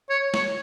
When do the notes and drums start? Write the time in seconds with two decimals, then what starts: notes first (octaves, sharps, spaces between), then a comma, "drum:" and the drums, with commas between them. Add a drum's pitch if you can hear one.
0.10 C#5
0.34 C#5, drum: snare